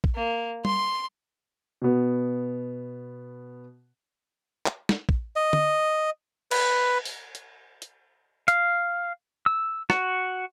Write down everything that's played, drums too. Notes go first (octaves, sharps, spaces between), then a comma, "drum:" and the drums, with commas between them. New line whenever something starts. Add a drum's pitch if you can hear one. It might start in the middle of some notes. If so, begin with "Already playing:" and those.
drum: kick
A#3
C6, drum: tom G3
B2 B3
drum: clap
drum: snare
drum: kick
D#5
drum: tom
B4, drum: cymbal
drum: open hi-hat
drum: hi-hat
drum: hi-hat
F5, drum: hi-hat
E6
F#4, drum: rim click